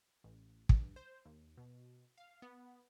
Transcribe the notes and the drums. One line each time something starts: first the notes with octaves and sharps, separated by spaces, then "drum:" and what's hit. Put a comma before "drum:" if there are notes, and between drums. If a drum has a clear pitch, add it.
A1
G2, drum: kick
C5
D#2
B2
F5
B3